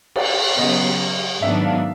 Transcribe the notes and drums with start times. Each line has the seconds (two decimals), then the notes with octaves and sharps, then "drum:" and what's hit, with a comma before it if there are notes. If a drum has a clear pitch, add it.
0.16 D5, drum: cymbal
0.58 C#3 F#3 B3 D#5
1.42 G#2 D#3 F#3 B3 D4 E5
1.64 F5